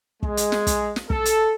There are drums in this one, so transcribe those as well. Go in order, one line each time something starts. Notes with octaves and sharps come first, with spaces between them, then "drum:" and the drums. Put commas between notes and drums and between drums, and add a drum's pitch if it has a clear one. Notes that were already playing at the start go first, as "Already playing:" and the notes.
G#3, drum: kick
drum: hi-hat
drum: snare
drum: kick, hi-hat
drum: snare
A4, drum: kick
drum: hi-hat